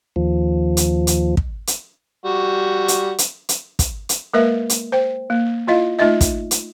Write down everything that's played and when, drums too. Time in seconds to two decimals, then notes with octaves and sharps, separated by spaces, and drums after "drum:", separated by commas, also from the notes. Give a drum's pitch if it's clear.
0.16 D#2 F3
0.77 drum: hi-hat
1.07 drum: hi-hat
1.37 drum: kick
1.67 drum: hi-hat
2.25 G3 F#4
2.88 drum: hi-hat
3.18 drum: hi-hat
3.49 drum: hi-hat
3.79 drum: kick, hi-hat
4.09 drum: hi-hat
4.33 G#3 A#3 A#4 B4 E5
4.70 drum: hi-hat
4.92 C5 G5
5.30 A#3
5.67 E4 F4 D#5 F5
5.99 A3 D#4 F4 D#5 E5
6.21 drum: kick, hi-hat
6.51 drum: hi-hat